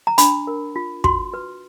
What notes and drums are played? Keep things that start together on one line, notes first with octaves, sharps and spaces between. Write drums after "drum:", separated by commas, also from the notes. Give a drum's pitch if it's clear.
A#5
D4 B5, drum: hi-hat
A#4
F4
F#4 C6, drum: kick
B4